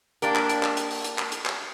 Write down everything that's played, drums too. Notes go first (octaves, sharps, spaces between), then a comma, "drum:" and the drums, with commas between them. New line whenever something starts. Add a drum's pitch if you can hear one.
A#3 D4 G4 A#4, drum: hi-hat
drum: clap
drum: hi-hat
drum: clap
drum: hi-hat
drum: open hi-hat
drum: hi-hat
drum: clap
drum: hi-hat
drum: clap